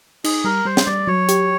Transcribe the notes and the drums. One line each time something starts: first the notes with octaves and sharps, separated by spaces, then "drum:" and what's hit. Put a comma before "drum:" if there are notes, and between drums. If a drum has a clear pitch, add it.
D#4 G#4, drum: cymbal
G3 A#4
G3 C5
drum: snare
G3 D5
F#3 C#5
G4, drum: hi-hat